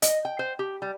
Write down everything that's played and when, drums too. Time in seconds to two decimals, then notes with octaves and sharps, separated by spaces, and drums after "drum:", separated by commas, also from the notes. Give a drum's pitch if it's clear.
0.02 D#5, drum: hi-hat
0.25 G5
0.39 C5
0.59 G4
0.82 G3